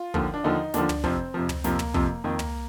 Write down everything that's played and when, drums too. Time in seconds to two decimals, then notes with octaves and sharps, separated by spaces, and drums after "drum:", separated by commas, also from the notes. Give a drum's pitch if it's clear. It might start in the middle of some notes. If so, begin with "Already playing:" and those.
Already playing: F4
0.14 D#2 D3 F3, drum: kick
0.34 D4
0.44 D#2 D3 F3 D#4
0.74 D#2 D3 F3 D4, drum: snare
0.89 drum: tom
1.04 F2 C3 F3 C4, drum: kick
1.34 F2 C3 F3
1.49 drum: tom
1.64 F2 C3 F3 A#3, drum: snare
1.79 drum: tom
1.94 F2 C3 F3, drum: kick
2.24 F2 D#3 A#3
2.39 drum: tom